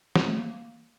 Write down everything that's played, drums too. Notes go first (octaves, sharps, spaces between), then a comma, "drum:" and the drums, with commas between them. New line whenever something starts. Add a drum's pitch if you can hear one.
G3, drum: snare
A3
A#3